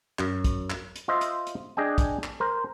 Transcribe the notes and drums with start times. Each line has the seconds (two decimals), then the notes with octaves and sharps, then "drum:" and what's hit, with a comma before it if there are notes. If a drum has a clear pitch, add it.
0.19 F#2, drum: clap
0.44 drum: kick, hi-hat
0.70 drum: clap
0.96 drum: hi-hat
1.08 F4 C5 D#5 E5
1.21 drum: hi-hat
1.47 drum: hi-hat
1.77 D4 G#4 D#5 G5 G#5
1.98 drum: kick, hi-hat
2.23 drum: clap
2.40 A#4 C5